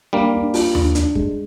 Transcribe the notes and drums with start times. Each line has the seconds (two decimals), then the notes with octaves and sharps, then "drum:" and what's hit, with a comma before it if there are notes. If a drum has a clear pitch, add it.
0.13 G3 A#3 D4
0.33 D4
0.54 F4, drum: open hi-hat
0.75 D4, drum: tom D#2
0.95 D4, drum: hi-hat
1.15 G#3, drum: kick